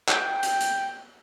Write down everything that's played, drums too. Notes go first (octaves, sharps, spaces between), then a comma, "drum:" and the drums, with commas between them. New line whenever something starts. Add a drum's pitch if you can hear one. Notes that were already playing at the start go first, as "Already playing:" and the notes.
G5, drum: clap
drum: hi-hat
drum: hi-hat